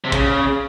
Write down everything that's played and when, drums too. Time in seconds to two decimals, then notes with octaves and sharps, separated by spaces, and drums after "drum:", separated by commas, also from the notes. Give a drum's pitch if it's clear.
0.04 C3
0.12 C#3, drum: kick, hi-hat